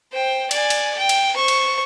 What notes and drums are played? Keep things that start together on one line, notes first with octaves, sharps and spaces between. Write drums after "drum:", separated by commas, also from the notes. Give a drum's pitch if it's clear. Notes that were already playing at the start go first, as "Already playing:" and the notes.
C5 G5
D5 G#5, drum: cymbal
drum: cymbal
G5
drum: cymbal
C5 C#6
drum: cymbal